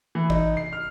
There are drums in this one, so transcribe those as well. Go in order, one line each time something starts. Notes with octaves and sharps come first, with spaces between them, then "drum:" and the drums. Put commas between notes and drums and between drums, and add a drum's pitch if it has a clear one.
E3
D#4, drum: kick G#1
C7
F6